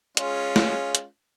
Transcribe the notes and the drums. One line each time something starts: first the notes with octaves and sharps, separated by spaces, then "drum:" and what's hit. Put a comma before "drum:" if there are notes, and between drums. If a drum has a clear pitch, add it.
G#3 C#4 F4, drum: hi-hat
drum: snare
drum: hi-hat